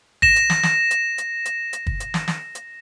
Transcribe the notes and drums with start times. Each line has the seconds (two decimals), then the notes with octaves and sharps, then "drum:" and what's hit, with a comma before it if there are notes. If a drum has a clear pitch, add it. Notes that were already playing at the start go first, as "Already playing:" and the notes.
0.22 A#6 E7, drum: kick
0.36 drum: hi-hat
0.50 drum: snare
0.63 drum: snare
0.91 drum: hi-hat
1.18 drum: hi-hat
1.45 drum: hi-hat
1.73 drum: hi-hat
1.87 drum: kick
2.00 drum: hi-hat
2.14 drum: snare
2.28 drum: snare
2.55 drum: hi-hat